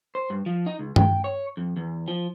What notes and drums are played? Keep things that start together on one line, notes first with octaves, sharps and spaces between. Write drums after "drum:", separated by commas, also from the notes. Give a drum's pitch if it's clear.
C5
G2
F3
D#4
C#2
G5, drum: tom G2
C#5
F2
E2
F3